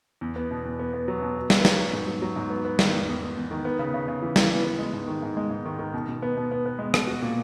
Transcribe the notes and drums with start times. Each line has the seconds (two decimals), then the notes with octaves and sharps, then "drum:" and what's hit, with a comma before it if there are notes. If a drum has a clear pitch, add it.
0.21 E2
0.36 B3
0.51 B2
0.65 E2
0.79 B3
0.93 B3
1.08 F#3
1.22 B2
1.36 B3
1.50 B3, drum: snare
1.65 F#3, drum: snare
1.79 F#3
1.93 G#2
2.07 F#3
2.22 F#3
2.36 G#2
2.50 B3
2.65 B3
2.79 D#3, drum: snare
2.93 E2
3.08 E2
3.22 E2
3.36 E2
3.51 D#3
3.65 B3
3.79 C#3
3.94 C#3
4.08 C#3
4.22 E3
4.36 E3, drum: snare
4.51 B3
4.64 B3
4.79 G#3
4.93 G#2
5.08 D#3
5.22 G#2
5.37 G#3
5.50 G#2
5.66 D#3
5.79 D#3
5.94 B2
6.08 B2
6.22 B3
6.37 B2
6.51 B3
6.66 B3
6.79 G#3
6.94 B2, drum: rim click
7.07 F#4
7.22 A#2